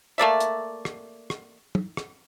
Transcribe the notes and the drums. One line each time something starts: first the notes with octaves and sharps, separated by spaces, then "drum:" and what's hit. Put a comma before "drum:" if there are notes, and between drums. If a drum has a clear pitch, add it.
A3 A#3 D5 E5
drum: hi-hat
drum: rim click
drum: rim click
drum: tom
drum: rim click